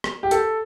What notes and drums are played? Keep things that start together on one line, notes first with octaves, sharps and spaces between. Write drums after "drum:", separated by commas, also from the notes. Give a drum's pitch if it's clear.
drum: rim click
G4
A4, drum: hi-hat